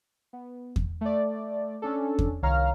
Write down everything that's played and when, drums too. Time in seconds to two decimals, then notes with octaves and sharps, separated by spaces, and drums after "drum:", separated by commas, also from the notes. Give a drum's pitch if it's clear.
0.33 B3
0.76 drum: kick E2
1.01 A3 D5
1.82 C#4 D4 A4
2.19 drum: kick E2
2.42 C2 D#3 C#5 F5 A#5 F6